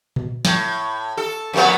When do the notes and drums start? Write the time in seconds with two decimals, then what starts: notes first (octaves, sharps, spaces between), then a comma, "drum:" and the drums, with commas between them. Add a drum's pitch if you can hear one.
0.16 drum: tom A#2
0.45 A2, drum: snare
1.17 A4
1.53 F2 A3 B3